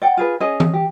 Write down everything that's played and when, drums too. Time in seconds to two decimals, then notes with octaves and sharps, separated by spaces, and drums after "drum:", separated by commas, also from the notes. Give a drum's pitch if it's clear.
0.02 D5 F#5 G5
0.17 F4 G#4 B4
0.40 C#4 G#4 D#5
0.60 drum: tom E3
0.74 G4